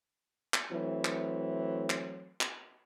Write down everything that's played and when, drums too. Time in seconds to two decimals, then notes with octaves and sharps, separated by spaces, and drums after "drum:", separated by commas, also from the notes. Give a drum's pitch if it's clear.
0.54 drum: clap
0.71 E3 F#3 A3 C4
1.05 drum: clap
1.90 drum: clap
2.41 drum: clap